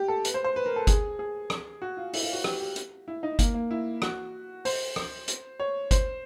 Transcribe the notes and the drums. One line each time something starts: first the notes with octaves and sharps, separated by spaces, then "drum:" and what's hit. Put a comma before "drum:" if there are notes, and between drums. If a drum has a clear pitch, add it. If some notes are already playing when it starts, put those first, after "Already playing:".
Already playing: G4
A4
B4, drum: hi-hat
C5
C5
B4
A#4
A4
G#4, drum: kick, hi-hat
G#4
drum: rim click
F#4
F4
E4, drum: open hi-hat
F4
F#4
G4, drum: rim click
G4
drum: hi-hat
E4
D#4
A#3, drum: kick, hi-hat
A#3
E4
F#4, drum: rim click
C5, drum: open hi-hat
drum: rim click
drum: hi-hat
C#5
C5, drum: kick, hi-hat